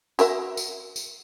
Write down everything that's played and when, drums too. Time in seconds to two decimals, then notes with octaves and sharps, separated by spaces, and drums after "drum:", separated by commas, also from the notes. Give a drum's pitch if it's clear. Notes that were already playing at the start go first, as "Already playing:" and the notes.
0.19 F#4 A#4 E5, drum: tambourine
0.57 drum: tambourine
0.96 drum: tambourine